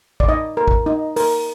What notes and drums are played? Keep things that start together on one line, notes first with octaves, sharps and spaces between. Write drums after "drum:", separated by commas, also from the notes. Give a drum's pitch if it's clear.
D5, drum: kick
D#4 D#5
A#4
drum: kick
D#4
A#4, drum: open hi-hat